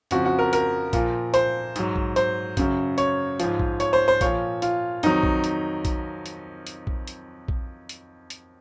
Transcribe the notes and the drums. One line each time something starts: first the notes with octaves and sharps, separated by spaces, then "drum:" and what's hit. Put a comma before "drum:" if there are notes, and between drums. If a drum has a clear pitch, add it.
F2 C#3 F3 F#4, drum: hi-hat
F#4
A#4
A#4, drum: hi-hat
A#2 F3, drum: kick A#1, hi-hat
C5, drum: hi-hat
G#2 F#3, drum: hi-hat
drum: kick A#1
C5, drum: hi-hat
F#2 C#3 F#3, drum: kick A#1, hi-hat
C#5, drum: hi-hat
G#2 F3, drum: hi-hat
drum: kick A#1
C#5, drum: hi-hat
C5
C5
A#2 F3 C#5, drum: kick A#1, hi-hat
F4, drum: hi-hat
F2 D#3 F#3 D#4, drum: hi-hat
drum: kick A#1
drum: hi-hat
drum: kick A#1, hi-hat
drum: hi-hat
drum: hi-hat
drum: kick A#1
drum: hi-hat
drum: kick A#1
drum: hi-hat
drum: hi-hat